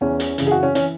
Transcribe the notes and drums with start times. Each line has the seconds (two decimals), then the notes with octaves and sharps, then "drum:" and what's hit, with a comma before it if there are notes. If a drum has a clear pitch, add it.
0.01 E2 E3 C#4
0.20 drum: hi-hat
0.38 F#2 C#3 E3, drum: hi-hat
0.47 G#4
0.51 F#4
0.63 C#4
0.75 E3 C#4, drum: hi-hat